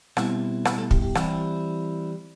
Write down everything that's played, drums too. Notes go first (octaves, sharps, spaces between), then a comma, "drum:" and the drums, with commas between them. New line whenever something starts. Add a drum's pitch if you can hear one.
B2 G3 C4 E4, drum: rim click
B3 B4, drum: rim click
A3 A4
G4, drum: kick
G4
E3 G3 C4 E4, drum: rim click